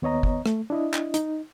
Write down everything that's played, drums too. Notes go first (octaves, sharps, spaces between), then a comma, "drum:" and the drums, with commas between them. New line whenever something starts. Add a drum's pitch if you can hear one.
D#2 B3 C#5 D#5 A#5
drum: kick
A3, drum: rim click
D4 E4 D#5
drum: clap
D#4, drum: hi-hat